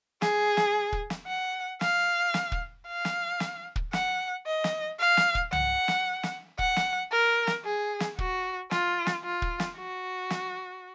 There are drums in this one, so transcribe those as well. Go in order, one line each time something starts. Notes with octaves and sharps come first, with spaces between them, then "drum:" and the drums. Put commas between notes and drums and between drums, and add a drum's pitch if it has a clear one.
G#4, drum: snare
drum: snare
drum: kick
drum: snare
F#5
F5, drum: snare
drum: snare
drum: kick
F5
drum: snare
drum: snare
drum: kick
F#5, drum: snare
D#5
drum: snare
F5
drum: snare
drum: kick
F#5, drum: tom C2
drum: snare
drum: snare
F#5, drum: kick
drum: snare
A#4
drum: snare
G#4
drum: snare
F#4, drum: kick
F4, drum: snare
drum: snare
F4
drum: kick
drum: snare
F#4
drum: snare